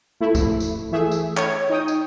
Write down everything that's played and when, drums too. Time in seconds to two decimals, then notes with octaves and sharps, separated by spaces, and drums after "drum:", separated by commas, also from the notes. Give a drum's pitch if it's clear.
0.20 A3 E4
0.35 drum: kick, tambourine
0.60 drum: tambourine
0.92 E3 A3 G#4 E5
1.11 drum: tambourine
1.37 C#5 G#6, drum: clap
1.70 D#4 C#5 G5 D#6
1.88 drum: tambourine